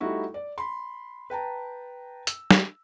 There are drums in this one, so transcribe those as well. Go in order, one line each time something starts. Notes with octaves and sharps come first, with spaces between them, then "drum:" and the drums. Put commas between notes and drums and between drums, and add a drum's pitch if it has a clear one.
G3 A3 D#4 E4 F#4
D5
B5 C6
B4 G5 A5 A#5
E6, drum: hi-hat
drum: snare